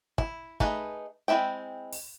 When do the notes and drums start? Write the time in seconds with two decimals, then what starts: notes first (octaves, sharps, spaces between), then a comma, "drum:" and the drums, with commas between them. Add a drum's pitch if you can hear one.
0.18 E4, drum: kick
0.60 A3 D#4 G#4 B4, drum: kick
1.28 G#3 C4 E4 E5 G5
1.93 drum: open hi-hat